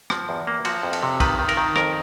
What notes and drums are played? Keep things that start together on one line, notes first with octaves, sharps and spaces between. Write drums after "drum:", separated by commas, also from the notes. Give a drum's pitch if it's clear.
F3 F#4, drum: rim click
E2
A#3
F3 F#4, drum: cymbal
F2
drum: cymbal
C3
D#3 B4, drum: kick, cymbal
D#3
A#4, drum: cymbal
D#3
F2 A#4, drum: rim click